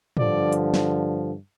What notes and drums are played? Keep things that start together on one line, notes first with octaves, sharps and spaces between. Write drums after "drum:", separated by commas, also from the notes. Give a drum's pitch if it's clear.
G2 D3 F3 D5, drum: tom
drum: hi-hat
drum: snare